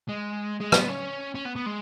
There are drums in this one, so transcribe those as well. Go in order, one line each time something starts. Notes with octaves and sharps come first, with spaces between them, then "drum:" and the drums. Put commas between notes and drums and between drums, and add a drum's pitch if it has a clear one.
G#3
G#3
B3, drum: rim click
C#4
C#4
B3
B3
G#3